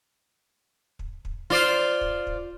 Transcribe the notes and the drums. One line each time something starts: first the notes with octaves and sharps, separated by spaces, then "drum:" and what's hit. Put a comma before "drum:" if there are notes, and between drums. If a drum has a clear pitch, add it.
drum: kick
drum: kick
F4 C5 D5
drum: kick
drum: kick